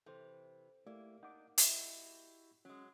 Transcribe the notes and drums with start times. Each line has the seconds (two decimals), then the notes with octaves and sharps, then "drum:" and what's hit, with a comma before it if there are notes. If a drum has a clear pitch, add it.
0.06 C3 E3 A4 C5
0.87 A3 A#3 E4 G4 D5
1.23 D4 D#4 F#5 D6
1.58 E4 F#4 G4 D#5 E5, drum: hi-hat
2.65 F#3 G#3 C#4